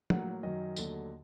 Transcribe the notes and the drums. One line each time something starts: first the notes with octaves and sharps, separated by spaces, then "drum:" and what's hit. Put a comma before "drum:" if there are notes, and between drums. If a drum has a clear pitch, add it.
A2 F#3 A#3 F#5, drum: tom
F#2 D#3 F#3 D#5
D#2 D3 F#3 A3, drum: tambourine